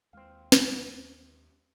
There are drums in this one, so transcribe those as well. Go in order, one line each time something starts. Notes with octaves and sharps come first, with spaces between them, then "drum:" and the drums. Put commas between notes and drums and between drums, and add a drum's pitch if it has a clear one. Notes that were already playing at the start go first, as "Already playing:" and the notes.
D#2 G#3 C4 F5
drum: snare